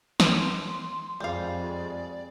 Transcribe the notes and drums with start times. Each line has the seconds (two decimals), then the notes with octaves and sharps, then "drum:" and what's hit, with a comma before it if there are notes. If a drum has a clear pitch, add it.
0.20 C6, drum: snare
1.20 F2 G3 G#3 D5 F5